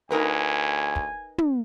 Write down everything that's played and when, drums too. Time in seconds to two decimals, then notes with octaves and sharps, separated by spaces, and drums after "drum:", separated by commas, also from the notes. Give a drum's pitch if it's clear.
0.11 D2 D#4 A#4 B4 G#5
0.96 drum: kick
1.38 drum: tom